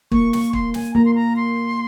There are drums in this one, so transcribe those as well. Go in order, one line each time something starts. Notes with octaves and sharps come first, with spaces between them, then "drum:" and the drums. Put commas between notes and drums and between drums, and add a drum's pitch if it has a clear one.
A#3 C#6, drum: kick
C#6, drum: snare
C6, drum: kick
G#5, drum: snare
A#3 A#5
C6
A#5
C6